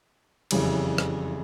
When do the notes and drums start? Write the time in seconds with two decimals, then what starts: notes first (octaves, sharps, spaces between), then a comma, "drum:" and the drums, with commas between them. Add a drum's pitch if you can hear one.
0.51 F#1 F2 C#3 E3 G3, drum: cymbal
0.98 drum: rim click